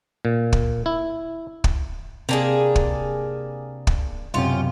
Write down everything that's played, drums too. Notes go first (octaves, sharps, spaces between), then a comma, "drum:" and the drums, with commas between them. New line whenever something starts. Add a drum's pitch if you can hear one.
A#2
drum: kick
E4
drum: kick
C3 A#3 D4 G#4
drum: kick
drum: kick
B1 F#2 C3 C#4 F4